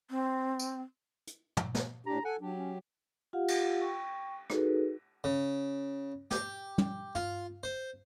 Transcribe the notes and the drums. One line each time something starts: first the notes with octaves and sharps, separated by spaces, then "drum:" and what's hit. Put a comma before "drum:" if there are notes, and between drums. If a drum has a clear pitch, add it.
C4
drum: tambourine
drum: hi-hat
drum: tom
drum: snare
A2 D4 G4 A#5
A4 F#5 G#5
F#3 D4 G4
C#4
F4 G4 F5 F#5
drum: cymbal
G5 C#6
D#4 F#4 G#4 A4 B4, drum: rim click
C#3
G4, drum: snare
drum: tom
F4, drum: tom
C5